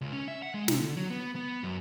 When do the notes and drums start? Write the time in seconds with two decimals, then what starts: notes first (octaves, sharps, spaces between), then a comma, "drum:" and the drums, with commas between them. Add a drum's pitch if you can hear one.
0.01 C#2
0.13 C#4
0.28 E5
0.42 F#5
0.54 G#3
0.68 C3, drum: snare
0.80 D3
0.96 F#3
1.10 B3
1.36 B3
1.63 F#2